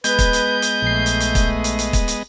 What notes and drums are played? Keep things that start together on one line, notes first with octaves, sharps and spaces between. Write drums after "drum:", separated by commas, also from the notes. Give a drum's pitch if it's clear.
G#3 B3 B4 D#5 G6 G#6, drum: hi-hat
drum: kick, hi-hat
drum: hi-hat
drum: hi-hat
A#1 A3 C7
drum: hi-hat
drum: hi-hat
drum: kick, hi-hat
drum: hi-hat
drum: hi-hat
drum: kick, hi-hat
drum: hi-hat